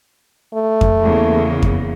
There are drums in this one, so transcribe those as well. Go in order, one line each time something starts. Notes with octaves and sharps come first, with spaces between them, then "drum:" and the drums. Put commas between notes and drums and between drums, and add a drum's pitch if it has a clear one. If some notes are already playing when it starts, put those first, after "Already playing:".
A3
drum: kick F2
E2 C#3 A#3
drum: kick F2